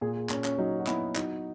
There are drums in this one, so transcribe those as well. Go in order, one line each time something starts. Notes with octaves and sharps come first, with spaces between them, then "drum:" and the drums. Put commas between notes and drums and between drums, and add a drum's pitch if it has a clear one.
A#2 G#4
G#4
A#2 C#4, drum: clap
C#4, drum: clap
F#3 D#4
F#4
B3 E4, drum: clap
F#3 D#4, drum: clap